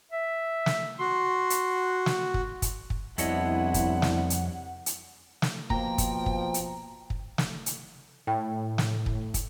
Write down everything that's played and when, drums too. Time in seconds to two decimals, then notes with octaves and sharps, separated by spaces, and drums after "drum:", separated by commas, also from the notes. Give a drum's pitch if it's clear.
0.11 E5
0.66 drum: snare
1.00 F#4 C6
1.50 drum: hi-hat
2.06 drum: snare
2.34 drum: kick
2.62 drum: kick, hi-hat
2.90 drum: kick
3.18 C2 F2 B3 D4 E4 C#5 D#5 F#5, drum: hi-hat
3.74 drum: kick, hi-hat
4.02 drum: snare
4.30 drum: hi-hat
4.86 drum: hi-hat
5.42 drum: snare
5.70 B2 F3 A#3 G5 A#5, drum: kick
5.98 drum: kick, hi-hat
6.26 drum: kick
6.54 drum: hi-hat
7.10 drum: kick
7.38 drum: snare
7.66 drum: hi-hat
8.27 A2 G5
8.78 drum: snare
9.06 drum: kick
9.34 drum: kick, hi-hat